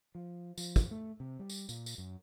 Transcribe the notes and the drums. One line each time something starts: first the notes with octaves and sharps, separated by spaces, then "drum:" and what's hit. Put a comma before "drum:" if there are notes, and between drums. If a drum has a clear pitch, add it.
F3
F3, drum: tambourine
drum: kick, tambourine
A3
C3
G3
drum: tambourine
A#2, drum: tambourine
drum: tambourine
F#2